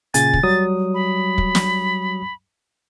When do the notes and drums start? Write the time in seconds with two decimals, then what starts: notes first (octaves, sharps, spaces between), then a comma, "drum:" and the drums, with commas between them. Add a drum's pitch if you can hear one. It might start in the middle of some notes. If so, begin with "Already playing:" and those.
0.14 A#2 C#3 G#5 A6, drum: hi-hat
0.33 drum: kick
0.43 F#3 G3 D#6
0.94 B5
1.38 drum: kick
1.55 drum: snare